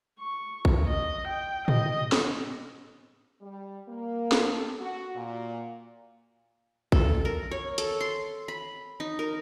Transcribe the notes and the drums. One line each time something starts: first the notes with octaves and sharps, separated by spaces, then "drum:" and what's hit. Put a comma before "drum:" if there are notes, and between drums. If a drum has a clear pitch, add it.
C#6
drum: kick
D#5
G5
D#5, drum: tom
drum: snare
G3
A#3
drum: snare
A4
F#4
A#2
A4, drum: kick
A#4
C#5
A4, drum: hi-hat
C6
B5
D#4
A#4